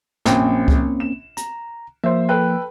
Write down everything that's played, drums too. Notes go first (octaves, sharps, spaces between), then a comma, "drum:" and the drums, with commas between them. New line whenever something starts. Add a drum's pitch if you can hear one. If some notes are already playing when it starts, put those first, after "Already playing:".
A#1 F#2 A#3 C4 C#4 G5, drum: snare
drum: kick C#2
E7
A#5, drum: hi-hat
F3 A#3 C5 E5
A4 B4 G5